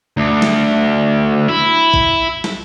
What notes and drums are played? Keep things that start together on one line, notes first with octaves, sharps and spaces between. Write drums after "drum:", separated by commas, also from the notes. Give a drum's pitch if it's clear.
D2
drum: snare
E4
drum: kick A#1
drum: snare